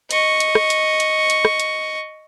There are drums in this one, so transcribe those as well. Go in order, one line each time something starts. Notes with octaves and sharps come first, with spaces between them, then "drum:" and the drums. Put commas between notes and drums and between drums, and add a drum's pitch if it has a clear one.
D#5 C#6, drum: hi-hat
drum: hi-hat
drum: rim click
drum: hi-hat
drum: hi-hat
drum: hi-hat
drum: rim click
drum: hi-hat